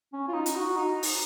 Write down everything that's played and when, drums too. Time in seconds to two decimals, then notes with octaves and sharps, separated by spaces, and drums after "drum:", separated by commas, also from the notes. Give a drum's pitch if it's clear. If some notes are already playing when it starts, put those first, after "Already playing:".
0.13 C#4
0.28 F4
0.33 D#4
0.46 drum: hi-hat
0.56 F#4
0.76 D#4
1.03 drum: open hi-hat